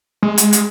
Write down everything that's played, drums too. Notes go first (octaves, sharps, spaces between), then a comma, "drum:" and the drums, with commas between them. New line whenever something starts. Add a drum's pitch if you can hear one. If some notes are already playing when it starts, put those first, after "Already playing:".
G#3
drum: hi-hat
drum: hi-hat